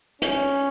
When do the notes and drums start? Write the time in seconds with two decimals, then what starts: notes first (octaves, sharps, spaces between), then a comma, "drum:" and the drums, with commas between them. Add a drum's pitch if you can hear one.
0.22 C#4, drum: hi-hat